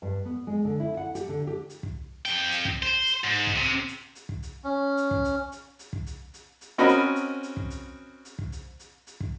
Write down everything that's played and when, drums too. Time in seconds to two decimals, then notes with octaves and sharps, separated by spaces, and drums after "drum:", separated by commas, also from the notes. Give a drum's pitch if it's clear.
0.02 G2
0.25 B3
0.47 G#3
0.65 D3
0.80 E4
0.97 F#5
1.15 G4, drum: hi-hat
1.29 D3
1.47 G4
1.70 drum: hi-hat
1.83 drum: kick
2.26 F2 G5, drum: hi-hat
2.51 drum: hi-hat
2.65 drum: kick
2.83 C5
3.06 drum: hi-hat
3.24 G#2
3.47 drum: kick
3.57 C3
3.88 drum: hi-hat
4.15 drum: hi-hat
4.29 drum: kick
4.43 drum: hi-hat
4.64 C#4
4.97 drum: hi-hat
5.11 drum: kick
5.25 drum: hi-hat
5.52 drum: hi-hat
5.79 drum: hi-hat
5.93 drum: kick
6.06 drum: hi-hat
6.34 drum: hi-hat
6.61 drum: hi-hat
6.78 C4 C#4 F#4 A#4 D#5 B5
6.88 drum: hi-hat
7.16 drum: hi-hat
7.43 drum: hi-hat
7.57 drum: kick
7.70 drum: hi-hat
8.25 drum: hi-hat
8.39 drum: kick
8.52 drum: hi-hat
8.80 drum: hi-hat
9.07 drum: hi-hat
9.20 drum: kick